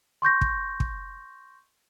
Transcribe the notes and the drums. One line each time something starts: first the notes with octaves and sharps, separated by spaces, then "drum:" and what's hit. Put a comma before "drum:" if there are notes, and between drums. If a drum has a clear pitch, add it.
C6 C#6 G6 A#6
drum: kick
drum: kick